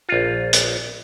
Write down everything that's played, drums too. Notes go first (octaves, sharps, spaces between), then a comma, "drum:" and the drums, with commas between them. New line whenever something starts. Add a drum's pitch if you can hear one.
A#1 F4
drum: hi-hat